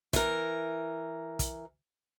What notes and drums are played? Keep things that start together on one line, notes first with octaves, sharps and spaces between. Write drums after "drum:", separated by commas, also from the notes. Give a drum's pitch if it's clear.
E3 A#4, drum: kick, hi-hat
drum: kick, hi-hat